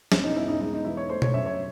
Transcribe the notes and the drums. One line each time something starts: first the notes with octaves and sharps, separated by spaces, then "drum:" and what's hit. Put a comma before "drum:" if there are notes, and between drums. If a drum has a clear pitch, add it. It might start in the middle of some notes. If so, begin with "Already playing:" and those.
E1 C#4, drum: snare
D#4
E1 E4
D#4
G#3 D#4
D#4
E3 E4
C#5
A3 C5
C#5, drum: tom B2
F#2 E5
C#5